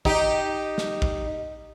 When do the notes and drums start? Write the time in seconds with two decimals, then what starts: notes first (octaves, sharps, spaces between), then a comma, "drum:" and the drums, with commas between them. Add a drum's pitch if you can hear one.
0.05 D#4 G4, drum: kick
0.78 drum: snare
1.02 drum: kick